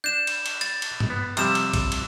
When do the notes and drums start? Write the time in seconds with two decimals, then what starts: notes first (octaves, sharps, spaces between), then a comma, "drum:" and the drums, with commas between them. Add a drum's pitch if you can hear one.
0.04 D4 G6 E7
0.27 drum: cymbal
0.46 drum: cymbal
0.61 A6, drum: cymbal
0.82 drum: cymbal
1.00 drum: tom G2
1.10 B3
1.37 C3 F3 G3 E6 E7, drum: cymbal
1.55 drum: cymbal
1.73 drum: kick, cymbal
1.92 drum: cymbal